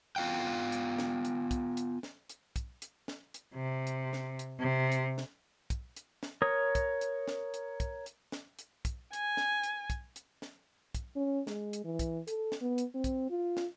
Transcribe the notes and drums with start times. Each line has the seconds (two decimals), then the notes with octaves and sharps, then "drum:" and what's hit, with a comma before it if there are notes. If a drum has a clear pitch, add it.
0.16 B3 F4 F5 G5
0.72 drum: hi-hat
0.98 drum: snare
1.25 drum: hi-hat
1.51 drum: kick, hi-hat
1.77 drum: hi-hat
2.03 drum: snare
2.29 drum: hi-hat
2.56 drum: kick, hi-hat
2.82 drum: hi-hat
3.08 drum: snare
3.34 drum: hi-hat
3.55 C3
3.87 drum: hi-hat
4.13 drum: snare
4.39 drum: hi-hat
4.59 C3
4.92 drum: hi-hat
5.18 drum: snare
5.70 drum: kick, hi-hat
5.96 drum: hi-hat
6.23 drum: snare
6.42 A#4 C#5 D#6
6.75 drum: kick, hi-hat
7.01 drum: hi-hat
7.28 drum: snare
7.54 drum: hi-hat
7.80 drum: kick, hi-hat
8.06 drum: hi-hat
8.32 drum: snare
8.59 drum: hi-hat
8.85 drum: kick, hi-hat
9.13 G#5, drum: hi-hat
9.37 drum: snare
9.63 drum: hi-hat
9.90 drum: kick, hi-hat
10.16 drum: hi-hat
10.42 drum: snare
10.95 drum: kick, hi-hat
11.16 C#4
11.47 G#3, drum: snare
11.73 drum: hi-hat
11.84 E3
11.99 drum: kick, hi-hat
12.28 A4, drum: hi-hat
12.52 drum: snare
12.61 B3
12.78 drum: hi-hat
12.95 C4
13.04 drum: kick, hi-hat
13.30 F4
13.57 drum: snare